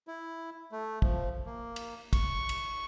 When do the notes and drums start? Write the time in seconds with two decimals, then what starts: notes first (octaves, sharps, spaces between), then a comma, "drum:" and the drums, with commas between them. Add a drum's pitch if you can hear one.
0.07 E4
0.72 A3
1.02 F3, drum: kick
1.46 A#3
1.76 drum: cymbal
2.13 C#6, drum: kick, cymbal
2.49 drum: cymbal